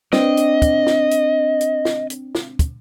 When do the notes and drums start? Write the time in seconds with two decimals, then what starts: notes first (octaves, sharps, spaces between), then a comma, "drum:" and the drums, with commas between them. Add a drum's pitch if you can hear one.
0.13 C4 D4 D#5, drum: snare
0.37 drum: hi-hat
0.62 drum: kick, hi-hat
0.87 drum: snare
1.11 drum: hi-hat
1.61 drum: hi-hat
1.85 drum: snare
2.10 drum: hi-hat
2.35 drum: snare
2.59 drum: kick, hi-hat